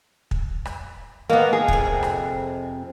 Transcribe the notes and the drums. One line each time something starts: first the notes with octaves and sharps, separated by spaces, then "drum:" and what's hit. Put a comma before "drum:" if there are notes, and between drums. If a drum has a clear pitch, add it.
drum: kick
drum: rim click
D#3 G#3 A#3 B3
G#4
F2 C3, drum: kick
drum: rim click